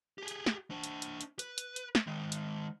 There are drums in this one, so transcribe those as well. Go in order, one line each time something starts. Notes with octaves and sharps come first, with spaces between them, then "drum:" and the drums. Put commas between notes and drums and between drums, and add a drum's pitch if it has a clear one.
G4 G#4
drum: hi-hat
drum: snare
D4 C5
drum: hi-hat
drum: hi-hat
drum: hi-hat
B4, drum: hi-hat
drum: hi-hat
drum: hi-hat
drum: snare
D#3 G#3
drum: hi-hat